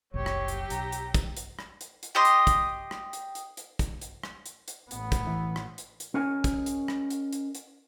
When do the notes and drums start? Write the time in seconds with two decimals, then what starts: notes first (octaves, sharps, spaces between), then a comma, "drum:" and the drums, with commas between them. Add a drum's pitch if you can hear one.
0.14 F#1 C2 F#3 G4 C#5
0.26 drum: rim click
0.48 drum: hi-hat
0.70 B1 A#5, drum: hi-hat
0.92 drum: hi-hat
1.14 drum: kick, hi-hat
1.37 drum: hi-hat
1.59 drum: rim click
1.81 drum: hi-hat
2.03 drum: hi-hat
2.15 G4 D#5 C6
2.25 drum: hi-hat
2.47 drum: kick, hi-hat
2.91 drum: rim click
3.13 drum: hi-hat
3.35 drum: hi-hat
3.57 drum: hi-hat
3.79 drum: kick, hi-hat
4.01 drum: hi-hat
4.23 drum: rim click
4.46 drum: hi-hat
4.68 drum: hi-hat
4.91 A1 B3, drum: hi-hat
5.12 drum: kick, hi-hat
5.27 E3
5.56 drum: rim click
5.78 drum: hi-hat
6.00 drum: hi-hat
6.14 C#4 G#4 A#4 C#5 D#5 G#5
6.44 drum: kick, hi-hat
6.66 drum: hi-hat
6.88 drum: rim click
7.10 drum: hi-hat
7.33 drum: hi-hat
7.55 drum: hi-hat